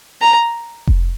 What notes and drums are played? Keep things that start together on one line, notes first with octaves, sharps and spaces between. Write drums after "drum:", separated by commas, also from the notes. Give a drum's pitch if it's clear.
A#5
drum: kick F1